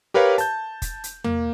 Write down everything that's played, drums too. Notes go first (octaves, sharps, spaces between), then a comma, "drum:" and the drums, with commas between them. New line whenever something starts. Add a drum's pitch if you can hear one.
G4 A#4 B4 C#5 F5
A5 G6, drum: hi-hat
drum: kick F1, hi-hat
drum: hi-hat
A#3, drum: tom E2